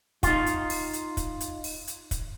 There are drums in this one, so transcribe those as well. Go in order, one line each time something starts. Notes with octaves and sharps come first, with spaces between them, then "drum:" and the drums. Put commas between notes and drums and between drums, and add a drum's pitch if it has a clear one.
D#4 F4, drum: kick, hi-hat
drum: hi-hat
drum: open hi-hat
drum: hi-hat
drum: kick, hi-hat
drum: hi-hat
drum: open hi-hat
drum: hi-hat
drum: kick, hi-hat